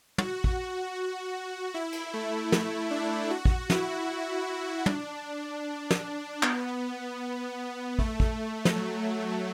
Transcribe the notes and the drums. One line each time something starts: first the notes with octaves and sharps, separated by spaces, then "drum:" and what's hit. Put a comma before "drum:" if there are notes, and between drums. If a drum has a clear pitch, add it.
F#4, drum: tom
drum: kick
E4
drum: cymbal
A3
A3, drum: snare
D4
F#4
drum: kick
E4, drum: snare
D4, drum: tom
drum: snare
B3, drum: clap
A3, drum: kick
drum: kick
drum: snare
F#3